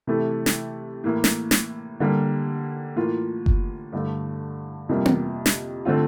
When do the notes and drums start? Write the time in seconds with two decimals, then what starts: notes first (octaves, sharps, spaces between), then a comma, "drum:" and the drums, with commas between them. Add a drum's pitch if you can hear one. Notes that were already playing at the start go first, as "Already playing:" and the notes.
0.07 C3 E3 A3 E4 A4
0.46 drum: snare
1.04 A2 E3 A#3 E4
1.24 drum: snare
1.51 drum: snare
2.00 D3 G3 A#3
2.96 A2 E3 A#3 F4
3.46 drum: kick F#1
3.92 G2 D3 A3
4.89 F2 C3 G3 A#3
5.05 drum: tom B3
5.46 drum: snare
5.85 D3 A3 C4 F4